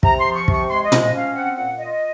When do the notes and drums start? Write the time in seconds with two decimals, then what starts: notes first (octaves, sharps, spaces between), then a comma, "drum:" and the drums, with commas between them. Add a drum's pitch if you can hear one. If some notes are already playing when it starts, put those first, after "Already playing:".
0.03 C3 A#5, drum: kick
0.20 C6
0.26 F3
0.36 C#6
0.48 C3, drum: kick
0.53 C#6
0.70 G#3 C6
0.85 D#5
0.92 F3, drum: tom
1.02 D#5
1.13 C#4
1.18 F5
1.35 C4 F#5
1.57 A#2 F#5
1.78 F4 D#5